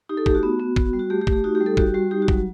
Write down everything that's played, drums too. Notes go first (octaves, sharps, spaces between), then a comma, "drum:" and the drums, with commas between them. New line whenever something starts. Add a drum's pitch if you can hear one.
D#4 G4
A4
A3 G4, drum: kick
F#4
B3
B3
F#4, drum: kick
G3
F#4
A3 G4
G4
A3, drum: kick
G4
D#4 F#4
G4
G3
A4
F#4 G4, drum: kick
G3 F#4
D#4 G4
F#4
F#3, drum: kick